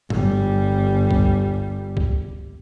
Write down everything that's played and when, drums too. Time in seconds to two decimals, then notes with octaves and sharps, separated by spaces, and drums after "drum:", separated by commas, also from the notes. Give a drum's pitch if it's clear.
0.10 G1 G3, drum: tom
1.11 drum: kick
1.97 drum: kick